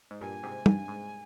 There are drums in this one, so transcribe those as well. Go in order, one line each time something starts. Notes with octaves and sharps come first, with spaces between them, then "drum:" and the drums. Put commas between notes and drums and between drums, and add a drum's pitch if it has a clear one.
G#2
G2 A#2 G#5
G#2 C3
G2, drum: tom
G#2